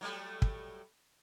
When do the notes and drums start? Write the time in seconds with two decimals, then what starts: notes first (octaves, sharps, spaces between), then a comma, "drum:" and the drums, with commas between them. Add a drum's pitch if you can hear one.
0.01 F#3 G3 A3
0.42 drum: kick